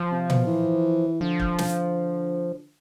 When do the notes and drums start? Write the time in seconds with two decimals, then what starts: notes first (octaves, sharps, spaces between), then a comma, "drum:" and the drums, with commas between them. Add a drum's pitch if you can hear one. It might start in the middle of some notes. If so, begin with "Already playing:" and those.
Already playing: F3
0.11 C3
0.30 B2, drum: tom A#2
0.47 E3
1.21 D3 F3
1.40 drum: kick
1.58 drum: snare